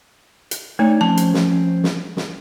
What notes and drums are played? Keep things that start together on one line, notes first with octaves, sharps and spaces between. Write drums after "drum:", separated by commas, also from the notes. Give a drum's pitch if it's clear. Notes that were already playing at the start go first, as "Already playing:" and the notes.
drum: hi-hat
A3 D4 D#4 C#5
F3 C4 C#4 A5
drum: hi-hat
drum: snare
drum: snare
drum: snare